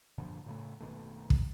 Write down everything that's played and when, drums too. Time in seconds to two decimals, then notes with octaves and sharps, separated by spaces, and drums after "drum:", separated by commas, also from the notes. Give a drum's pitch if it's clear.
0.18 F#2 A#2 D3 F3
0.46 A2 C#3 A3
0.80 F#1 B2 D#3 A3
1.30 drum: kick